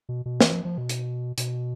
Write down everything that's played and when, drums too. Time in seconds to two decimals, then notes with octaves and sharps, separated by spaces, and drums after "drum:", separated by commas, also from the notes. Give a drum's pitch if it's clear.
0.09 B2
0.26 B2
0.40 E3, drum: snare
0.53 F3
0.65 F3
0.78 B2
0.89 drum: hi-hat
1.38 B2, drum: hi-hat